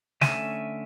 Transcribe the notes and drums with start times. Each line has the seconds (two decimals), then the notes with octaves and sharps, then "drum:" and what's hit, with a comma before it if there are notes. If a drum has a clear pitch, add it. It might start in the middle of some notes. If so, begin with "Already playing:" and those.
0.21 D3 A3 C#4 E5 G#5, drum: snare